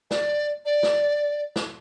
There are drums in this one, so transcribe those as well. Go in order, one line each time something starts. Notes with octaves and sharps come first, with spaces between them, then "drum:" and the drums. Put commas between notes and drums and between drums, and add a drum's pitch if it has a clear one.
D5, drum: snare
D5
drum: snare
drum: snare